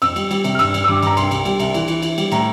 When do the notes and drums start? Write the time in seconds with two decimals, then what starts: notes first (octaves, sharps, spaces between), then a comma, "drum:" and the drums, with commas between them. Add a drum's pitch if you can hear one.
0.02 F2 E6, drum: cymbal
0.16 G3, drum: cymbal
0.31 G3, drum: cymbal
0.44 C3, drum: cymbal
0.55 F6
0.59 G2 E6, drum: cymbal
0.74 G2, drum: cymbal
0.84 E6
0.88 G2 D6
1.03 G2 A#5, drum: cymbal
1.17 C2 C6, drum: cymbal
1.31 C2, drum: cymbal
1.45 G3, drum: cymbal
1.60 C2, drum: cymbal
1.74 E3, drum: cymbal
1.88 E3, drum: cymbal
2.02 E3, drum: cymbal
2.18 G3, drum: cymbal
2.32 A2 A#5, drum: cymbal